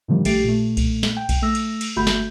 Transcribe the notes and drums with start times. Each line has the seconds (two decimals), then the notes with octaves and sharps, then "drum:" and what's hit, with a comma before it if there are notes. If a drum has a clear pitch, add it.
0.08 A2 D3 D#3 F3 G3
0.25 A#1 A3 G4 A6 C7 D7, drum: cymbal
0.44 A#2 A3
0.77 drum: kick B1, cymbal
1.03 drum: snare
1.17 G5
1.29 drum: kick B1, cymbal
1.42 A3 E6 A#6
1.55 drum: cymbal
1.81 drum: cymbal
1.96 G1 A3 F#4 E5 B5 G6
2.07 drum: snare